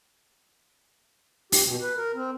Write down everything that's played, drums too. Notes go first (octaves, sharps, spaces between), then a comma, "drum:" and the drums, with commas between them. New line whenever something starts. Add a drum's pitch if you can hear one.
G4, drum: open hi-hat
B2
B4
A#4
C4